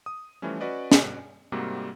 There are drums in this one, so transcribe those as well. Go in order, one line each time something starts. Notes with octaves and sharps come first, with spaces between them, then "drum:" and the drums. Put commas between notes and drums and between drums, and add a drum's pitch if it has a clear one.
D#6
E3 F3 G3 A3 C#4
C#4 F#4 B4 D5 D#5
drum: snare
G#2 C3 G3 A#3 C4 F#4